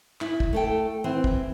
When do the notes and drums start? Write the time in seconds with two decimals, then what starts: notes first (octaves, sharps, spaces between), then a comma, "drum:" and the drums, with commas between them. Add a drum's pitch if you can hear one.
0.21 E4, drum: clap
0.40 drum: kick
0.53 A3 A4 G5
1.04 E3 C4
1.24 drum: kick